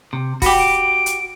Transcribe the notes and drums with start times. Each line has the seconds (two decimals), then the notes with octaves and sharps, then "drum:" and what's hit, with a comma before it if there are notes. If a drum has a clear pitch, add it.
0.13 C3
0.42 F#4 G4 B5, drum: kick, open hi-hat
0.59 D7
1.06 drum: hi-hat